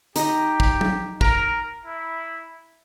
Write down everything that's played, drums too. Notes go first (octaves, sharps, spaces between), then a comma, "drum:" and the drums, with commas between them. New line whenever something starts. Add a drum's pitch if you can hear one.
D#4 G4 D#5, drum: hi-hat
drum: kick
drum: tom
A#4 A#5, drum: kick
E4